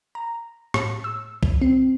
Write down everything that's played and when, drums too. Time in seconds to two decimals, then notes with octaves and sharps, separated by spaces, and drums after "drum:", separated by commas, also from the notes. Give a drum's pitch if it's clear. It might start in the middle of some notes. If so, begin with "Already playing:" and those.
0.15 A#5
0.74 A2, drum: rim click
1.04 E6
1.43 drum: kick C2
1.62 C4